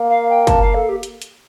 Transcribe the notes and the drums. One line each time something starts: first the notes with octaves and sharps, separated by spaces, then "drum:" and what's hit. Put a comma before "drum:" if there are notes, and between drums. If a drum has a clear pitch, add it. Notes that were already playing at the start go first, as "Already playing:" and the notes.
Already playing: A#3
F5
G5
A5, drum: kick, hi-hat
F5
A4
G4
drum: hi-hat
drum: hi-hat